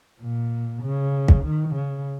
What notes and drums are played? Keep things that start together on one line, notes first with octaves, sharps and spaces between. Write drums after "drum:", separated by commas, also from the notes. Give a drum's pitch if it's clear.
A#2
C#3
drum: kick
D#3
C#3